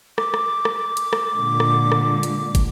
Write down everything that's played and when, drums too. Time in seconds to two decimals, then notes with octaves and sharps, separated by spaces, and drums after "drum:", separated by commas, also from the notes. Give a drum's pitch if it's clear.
0.18 D6, drum: rim click
0.34 drum: rim click
0.65 drum: rim click
0.97 drum: hi-hat
1.13 drum: rim click
1.32 A#2 D3 G#3
1.60 drum: rim click
1.92 drum: rim click
2.23 drum: hi-hat
2.55 drum: kick, hi-hat